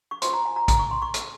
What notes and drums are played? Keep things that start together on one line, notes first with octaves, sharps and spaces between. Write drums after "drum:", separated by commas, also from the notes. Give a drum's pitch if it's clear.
C#6
F4 C5 C6, drum: hi-hat
A#5
G#5
A#5
A#5, drum: kick A#1, hi-hat
C#6
C6
C#6
drum: hi-hat